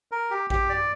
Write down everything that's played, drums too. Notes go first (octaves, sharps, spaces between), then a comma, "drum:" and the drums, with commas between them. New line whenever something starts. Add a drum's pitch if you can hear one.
A#4
G4
G4, drum: kick A1
D5